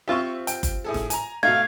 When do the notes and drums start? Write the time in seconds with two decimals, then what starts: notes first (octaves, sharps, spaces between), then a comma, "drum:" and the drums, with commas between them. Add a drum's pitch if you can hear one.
0.08 C4 F4 G4 E5 C#6
0.47 G5, drum: hi-hat
0.63 drum: kick F#1, hi-hat
0.84 A2 G#4 A4
0.94 drum: snare E1
1.10 G#5 A#5, drum: hi-hat
1.43 B2 A3 D#4 F5 G#6